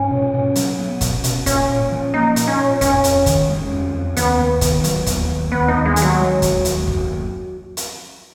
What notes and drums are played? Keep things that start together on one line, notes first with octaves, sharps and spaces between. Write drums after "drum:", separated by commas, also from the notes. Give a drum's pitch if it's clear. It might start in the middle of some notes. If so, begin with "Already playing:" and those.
Already playing: G#2 C#4
B2
B2
F#3, drum: hi-hat
B3
B2, drum: kick, hi-hat
B2, drum: hi-hat
A#2 C#4, drum: kick, hi-hat
A#2
F3
A#3 D#4
A#2, drum: hi-hat
C#4
A#2
F2 C#4, drum: kick, hi-hat
F2, drum: hi-hat
D#3, drum: kick, hi-hat
G#3
F2
F2
D#2 B3, drum: hi-hat
D#2
D#3, drum: kick, hi-hat
F#3, drum: hi-hat
D#2, drum: kick, hi-hat
D#2
D#2 B3
D#4
D#2
G#3
D#3, drum: hi-hat
F#3
G#3
D#2, drum: kick, hi-hat
D#2, drum: hi-hat
F#2, drum: kick
drum: hi-hat